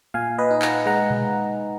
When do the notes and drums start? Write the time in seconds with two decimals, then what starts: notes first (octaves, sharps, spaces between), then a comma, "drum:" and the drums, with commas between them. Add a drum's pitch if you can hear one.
0.14 A#2 F5 G#5
0.38 B4 D#5
0.51 D#4
0.62 F#5 A#5, drum: clap
0.86 G#3 F#5 A#5
1.10 drum: tom A#2